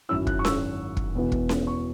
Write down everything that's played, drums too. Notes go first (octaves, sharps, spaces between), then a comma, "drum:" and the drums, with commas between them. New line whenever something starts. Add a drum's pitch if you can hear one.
G#1 F#2 F#3 C#4 E4 E6
F#6, drum: kick
C#6
E6, drum: snare C#4
drum: kick
E1 E2 B2 B3 E4
drum: kick
drum: snare C#4
C#6